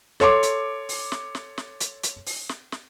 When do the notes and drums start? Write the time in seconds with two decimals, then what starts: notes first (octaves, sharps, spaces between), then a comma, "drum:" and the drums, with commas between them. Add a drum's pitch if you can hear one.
0.20 A4 C#5 C6 D6, drum: snare
0.43 drum: hi-hat
0.89 drum: open hi-hat
1.12 drum: snare
1.35 drum: snare
1.58 drum: snare
1.81 drum: hi-hat
2.03 drum: hi-hat
2.26 drum: open hi-hat
2.49 drum: snare
2.72 drum: snare